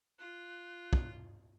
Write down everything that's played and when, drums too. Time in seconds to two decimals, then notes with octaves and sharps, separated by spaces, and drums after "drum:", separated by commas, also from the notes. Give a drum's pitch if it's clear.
0.19 F4 F#6
0.93 drum: kick